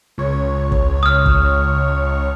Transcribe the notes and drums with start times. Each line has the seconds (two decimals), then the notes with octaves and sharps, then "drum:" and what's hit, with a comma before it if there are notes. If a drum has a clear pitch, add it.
0.18 C#2 C#5
0.72 drum: kick
1.03 D#6 F6
1.26 drum: kick